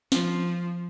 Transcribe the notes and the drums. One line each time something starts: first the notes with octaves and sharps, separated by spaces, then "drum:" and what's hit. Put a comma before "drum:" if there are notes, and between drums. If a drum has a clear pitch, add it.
F3, drum: snare